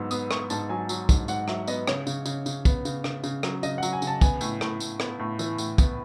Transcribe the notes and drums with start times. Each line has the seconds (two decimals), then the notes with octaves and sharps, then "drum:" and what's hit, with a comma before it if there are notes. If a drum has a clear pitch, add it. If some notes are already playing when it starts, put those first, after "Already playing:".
Already playing: G#2 F#3 B3 E6
0.11 B3 D#6, drum: tambourine
0.31 B3 C#6, drum: rim click
0.50 G#2 A5, drum: tambourine
0.69 F#3 G#5
0.89 F#3, drum: tambourine
1.09 G#2, drum: kick, tambourine
1.28 G#2 F#5, drum: tambourine
1.48 F#3 E5, drum: rim click
1.68 B3 D#5, drum: tambourine
1.88 C#3 C#5, drum: rim click
2.07 C#3, drum: tambourine
2.26 C#3, drum: tambourine
2.46 C#3, drum: tambourine
2.65 B3, drum: kick, tambourine
2.85 C#3, drum: tambourine
3.04 C#3, drum: rim click
3.24 C#3, drum: tambourine
3.43 F#3, drum: rim click
3.63 C#3 D#5, drum: tambourine
3.78 F#5
3.83 F#3, drum: tambourine
3.93 G#5
4.02 C#3, drum: tambourine
4.07 A5
4.21 B3 G#5, drum: kick, tambourine
4.41 A2, drum: tambourine
4.61 A2, drum: rim click
4.80 A2, drum: tambourine
5.00 B3, drum: rim click
5.19 A2
5.39 E3, drum: tambourine
5.58 A2, drum: tambourine
5.78 B3, drum: kick, tambourine